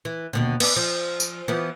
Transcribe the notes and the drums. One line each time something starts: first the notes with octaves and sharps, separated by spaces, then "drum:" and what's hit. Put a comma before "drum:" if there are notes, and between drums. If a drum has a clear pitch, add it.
E3
D#2 B2 D3
B3 D4, drum: cymbal
F3
drum: tambourine
E3 F3 B3